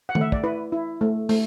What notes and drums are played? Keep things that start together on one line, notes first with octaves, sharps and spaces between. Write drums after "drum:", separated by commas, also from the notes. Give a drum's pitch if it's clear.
F#5
A3, drum: tom D#3
E5
D5, drum: kick
E4 B4
E4
A3
A3, drum: open hi-hat